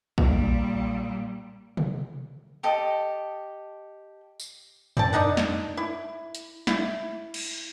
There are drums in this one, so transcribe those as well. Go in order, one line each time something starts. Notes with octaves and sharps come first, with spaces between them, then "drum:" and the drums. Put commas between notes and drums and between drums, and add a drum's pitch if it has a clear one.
A#2 G3, drum: kick A#1
drum: tom
G4 A4 D#5
drum: tambourine
C4 G5 A5, drum: tom
D4 D#4 D#5 F#5
drum: snare
E4
drum: hi-hat
E4, drum: snare
drum: cymbal